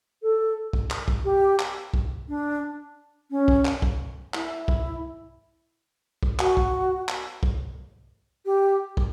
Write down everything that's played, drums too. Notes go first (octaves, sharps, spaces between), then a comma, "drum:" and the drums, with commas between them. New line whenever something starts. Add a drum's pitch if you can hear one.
A4
drum: kick
drum: clap
drum: kick
G4
drum: clap
drum: kick
D4
C#4
drum: kick
drum: clap
drum: kick
E4, drum: clap
drum: kick
drum: kick
F#4, drum: clap
drum: kick
drum: clap
drum: kick
G4
drum: kick